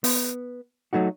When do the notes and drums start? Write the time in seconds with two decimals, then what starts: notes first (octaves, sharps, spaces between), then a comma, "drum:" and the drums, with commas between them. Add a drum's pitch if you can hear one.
0.04 B3, drum: open hi-hat
0.93 F#3 A3 D#4 F#4